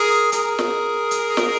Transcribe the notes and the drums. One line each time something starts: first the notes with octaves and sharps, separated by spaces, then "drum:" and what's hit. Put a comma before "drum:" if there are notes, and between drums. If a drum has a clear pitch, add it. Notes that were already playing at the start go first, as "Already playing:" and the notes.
Already playing: G#4 A#4
G#4 A#4, drum: hi-hat
drum: snare
drum: hi-hat
drum: snare